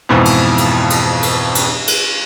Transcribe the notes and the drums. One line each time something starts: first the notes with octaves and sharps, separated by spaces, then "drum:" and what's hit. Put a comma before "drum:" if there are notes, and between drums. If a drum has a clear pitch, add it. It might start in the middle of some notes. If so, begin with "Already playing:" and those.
F2 G#2 B2 E3 F3
drum: cymbal
drum: cymbal
drum: cymbal
drum: cymbal
drum: cymbal
drum: cymbal